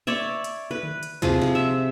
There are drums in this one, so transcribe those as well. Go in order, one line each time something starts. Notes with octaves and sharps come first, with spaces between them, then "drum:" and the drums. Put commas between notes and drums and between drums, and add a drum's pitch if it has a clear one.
C#5 D5 E5
drum: hi-hat
B4
drum: tom D3
drum: hi-hat
C3 F3 G#4, drum: kick C#2, hi-hat
drum: snare
E5